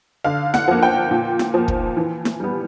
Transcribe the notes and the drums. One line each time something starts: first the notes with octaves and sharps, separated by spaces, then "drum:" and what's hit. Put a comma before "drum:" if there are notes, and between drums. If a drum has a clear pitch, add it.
D3 F5
F#5, drum: snare E4
F3 A#3
G5
A#2
drum: snare E4
F3 A#3
drum: kick
E3
drum: snare E4
G3 B3